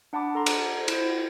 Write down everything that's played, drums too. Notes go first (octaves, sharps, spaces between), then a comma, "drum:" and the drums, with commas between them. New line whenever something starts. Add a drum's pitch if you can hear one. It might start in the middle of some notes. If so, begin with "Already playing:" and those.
D4 F#5 A5 B5 D6
A4 F#5 A#5 C6
drum: cymbal
E4 C5, drum: cymbal